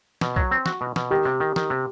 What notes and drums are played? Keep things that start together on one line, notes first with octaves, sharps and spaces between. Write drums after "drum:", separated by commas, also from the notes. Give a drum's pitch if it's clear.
B2, drum: snare
F#3, drum: kick B1
C4
F#4, drum: snare
B2
B2, drum: snare
D#3 G4
C3
D#3
D#3, drum: snare
C3